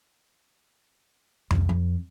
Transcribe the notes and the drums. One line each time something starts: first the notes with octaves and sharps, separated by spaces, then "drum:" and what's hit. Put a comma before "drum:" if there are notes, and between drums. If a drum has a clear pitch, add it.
C2, drum: tom F2
F2